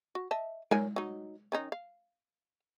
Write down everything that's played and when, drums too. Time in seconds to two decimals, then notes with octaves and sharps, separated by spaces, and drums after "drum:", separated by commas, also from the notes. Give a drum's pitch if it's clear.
0.15 F#4
0.31 D#5 E5 A5
0.71 A#4 C#5 G#5, drum: tom G#3
0.96 F#3 D#4
1.52 D#3 C#4 D#4
1.72 F5